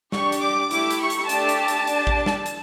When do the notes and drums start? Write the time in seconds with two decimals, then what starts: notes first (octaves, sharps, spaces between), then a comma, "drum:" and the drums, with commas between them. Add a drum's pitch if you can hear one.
0.12 D4 G4 C#6, drum: snare
0.32 drum: hi-hat
0.42 D6
0.71 A3 E4 G4 D6, drum: hi-hat
0.91 drum: hi-hat
1.00 C#6
1.10 drum: hi-hat
1.29 A3 D4 G4 A5, drum: hi-hat
1.49 drum: hi-hat
1.68 drum: hi-hat
1.87 D4 G4, drum: hi-hat
2.07 drum: kick A1
2.26 drum: snare
2.46 drum: hi-hat